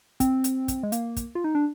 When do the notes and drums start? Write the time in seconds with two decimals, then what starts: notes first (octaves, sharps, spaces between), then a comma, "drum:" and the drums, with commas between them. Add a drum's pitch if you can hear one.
0.20 C4, drum: kick, hi-hat
0.44 drum: hi-hat
0.68 drum: kick, hi-hat
0.83 G#3
0.92 A#3, drum: hi-hat
1.16 drum: kick, hi-hat
1.35 F4
1.44 D#4
1.55 D4